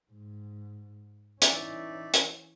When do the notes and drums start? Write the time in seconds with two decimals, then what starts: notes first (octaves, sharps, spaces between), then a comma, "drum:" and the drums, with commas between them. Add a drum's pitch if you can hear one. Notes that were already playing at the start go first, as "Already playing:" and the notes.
0.11 G#2
1.42 E3 C#4 D#4 D5 E5, drum: hi-hat
2.14 drum: hi-hat